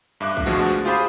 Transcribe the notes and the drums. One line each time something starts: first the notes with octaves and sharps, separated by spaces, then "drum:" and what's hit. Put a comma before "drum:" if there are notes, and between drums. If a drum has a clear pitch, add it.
G2 E5 D6 F#6
drum: kick A#1
B2 D3 F3 G#3 A3 F#4
F4 G4 G#4 C5 B5 D#6